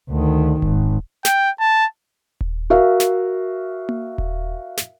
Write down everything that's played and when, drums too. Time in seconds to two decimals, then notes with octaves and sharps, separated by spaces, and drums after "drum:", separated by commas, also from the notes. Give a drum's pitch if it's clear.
0.10 D2 D#3
0.62 G#1, drum: kick D#1
1.25 G5, drum: snare
1.60 A5
2.41 drum: kick D#1
2.70 F#4 A#4 E5 F5
3.00 drum: snare
3.89 drum: tom A#3
4.18 drum: kick D#1
4.77 drum: snare